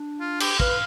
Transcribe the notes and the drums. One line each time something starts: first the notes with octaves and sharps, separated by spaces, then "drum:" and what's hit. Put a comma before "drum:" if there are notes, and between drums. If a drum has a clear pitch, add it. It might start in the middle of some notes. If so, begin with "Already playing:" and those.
Already playing: D4
F4
G4, drum: cymbal
B4 F5, drum: kick